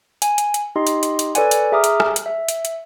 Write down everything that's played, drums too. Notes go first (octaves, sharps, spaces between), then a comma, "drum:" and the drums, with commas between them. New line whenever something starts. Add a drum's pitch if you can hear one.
G#5, drum: hi-hat
drum: hi-hat
drum: hi-hat
D#4 G4 D#5 C6
drum: hi-hat
drum: hi-hat
drum: hi-hat
A4 B4 C#5 D5 F#5 G#5, drum: hi-hat
drum: hi-hat
G#4 E5 A#5 D6 D#6 F6
drum: hi-hat
drum: rim click
drum: hi-hat
E5
drum: hi-hat
drum: hi-hat